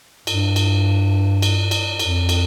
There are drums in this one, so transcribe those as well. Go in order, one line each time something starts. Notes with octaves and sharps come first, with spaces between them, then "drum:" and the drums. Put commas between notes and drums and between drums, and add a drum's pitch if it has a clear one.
G2, drum: cymbal
drum: cymbal
drum: cymbal
drum: cymbal
F2, drum: cymbal
drum: cymbal